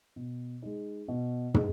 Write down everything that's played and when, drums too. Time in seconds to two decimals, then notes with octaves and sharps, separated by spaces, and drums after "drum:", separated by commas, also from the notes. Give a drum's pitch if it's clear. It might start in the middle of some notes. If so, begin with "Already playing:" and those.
0.16 B2
0.62 G#3 D#4
1.08 B2
1.54 G#3 D#4, drum: tom